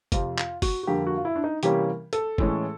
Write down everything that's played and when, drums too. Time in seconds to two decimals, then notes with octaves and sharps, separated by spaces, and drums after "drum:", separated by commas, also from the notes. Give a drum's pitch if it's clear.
0.12 F2 C3 F3, drum: kick, hi-hat
0.38 F4, drum: clap
0.62 F#4, drum: kick, open hi-hat
0.83 F#4
0.87 F2 D3 G3 A#3 G4
1.07 F#4
1.17 F4
1.25 E4
1.36 D4
1.44 D#4
1.63 C3 E3 G3 A#3 C#4 G4, drum: hi-hat
2.13 A4, drum: hi-hat
2.38 A2 E3 G#3 C#4, drum: kick